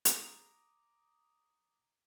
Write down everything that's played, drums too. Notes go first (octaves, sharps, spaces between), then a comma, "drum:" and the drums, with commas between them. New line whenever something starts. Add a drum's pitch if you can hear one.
A#5 D6 D#6 A#6, drum: hi-hat